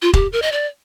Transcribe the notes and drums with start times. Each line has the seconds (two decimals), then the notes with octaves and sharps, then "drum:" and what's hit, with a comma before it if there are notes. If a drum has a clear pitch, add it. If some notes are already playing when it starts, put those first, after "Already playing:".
0.02 F4
0.13 G4, drum: kick
0.33 A#4
0.42 D#5
0.52 D5